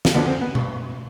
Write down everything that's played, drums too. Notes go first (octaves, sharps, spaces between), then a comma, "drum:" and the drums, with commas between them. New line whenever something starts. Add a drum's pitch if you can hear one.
drum: snare
D2 D3 F3 B3 D4
C4
B3
drum: tom B2